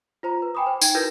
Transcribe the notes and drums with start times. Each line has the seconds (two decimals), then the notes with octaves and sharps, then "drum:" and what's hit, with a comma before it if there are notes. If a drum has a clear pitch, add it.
0.23 F4 C5 A#5
0.42 B4
0.55 G5 G#5 B5 D6 D#6
0.67 C5
0.81 D#4 G5 G#6, drum: tambourine
0.94 E4 F#4 A#4 B4 G6 A#6